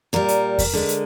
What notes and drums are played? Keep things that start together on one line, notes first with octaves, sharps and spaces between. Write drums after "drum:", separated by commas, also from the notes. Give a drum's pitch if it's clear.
A#2 G3 A#4
drum: hi-hat
drum: kick E2, open hi-hat
D3 G#3
drum: hi-hat